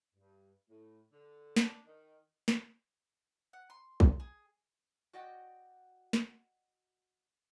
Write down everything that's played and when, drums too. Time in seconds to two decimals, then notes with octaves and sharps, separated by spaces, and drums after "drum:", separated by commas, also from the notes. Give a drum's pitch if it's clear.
0.15 G2
0.69 A2
1.12 D3
1.56 D4, drum: snare
1.86 D#3
2.48 drum: snare
3.53 F#5
3.70 C6
4.00 drum: kick A#1
4.20 G#4
5.13 F#4 D5 D#5 F#5 G5
6.13 drum: snare